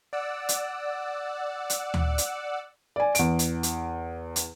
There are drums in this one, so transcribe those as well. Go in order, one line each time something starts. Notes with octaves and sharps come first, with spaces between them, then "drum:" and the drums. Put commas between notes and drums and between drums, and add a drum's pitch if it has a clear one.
D5 F#5 E6
drum: hi-hat
drum: hi-hat
drum: tom D2
drum: hi-hat
D5 G#5
E2 D7, drum: hi-hat
drum: hi-hat
drum: hi-hat
drum: hi-hat